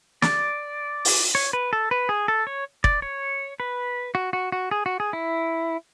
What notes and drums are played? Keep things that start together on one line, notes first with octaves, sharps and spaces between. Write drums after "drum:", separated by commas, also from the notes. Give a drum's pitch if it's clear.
D5, drum: snare
drum: open hi-hat
C#5
B4
A4
B4
G#4
A4
C#5
D5, drum: kick
C#5
B4
F#4
F#4
F#4
G#4
F#4
G#4
E4